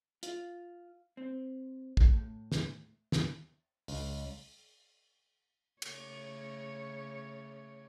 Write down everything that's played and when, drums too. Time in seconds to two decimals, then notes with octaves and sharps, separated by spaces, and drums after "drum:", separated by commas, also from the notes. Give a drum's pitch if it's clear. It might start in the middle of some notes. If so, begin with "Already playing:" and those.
0.23 F4, drum: hi-hat
1.17 C4
1.97 drum: kick
2.13 A2
2.52 drum: snare
3.12 drum: snare
3.88 C#2, drum: open hi-hat
5.82 C#3 A3 C#5, drum: cymbal